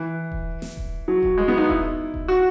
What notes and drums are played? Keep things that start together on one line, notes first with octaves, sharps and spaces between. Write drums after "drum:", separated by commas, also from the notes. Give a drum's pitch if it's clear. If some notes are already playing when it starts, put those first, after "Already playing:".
Already playing: E3
drum: kick D#1
drum: snare
drum: kick D#1
F#3
drum: kick D#1
G#3
B3
D#4
E4, drum: kick D#1
drum: kick D#1
F#4